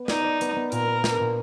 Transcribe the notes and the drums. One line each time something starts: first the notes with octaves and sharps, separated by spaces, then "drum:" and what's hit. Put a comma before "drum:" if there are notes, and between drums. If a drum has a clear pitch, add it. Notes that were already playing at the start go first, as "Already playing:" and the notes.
Already playing: B3
D#4 D5, drum: snare
D5
B3, drum: hi-hat
B3
A#2 A#4, drum: hi-hat
B3
D4, drum: snare
A#2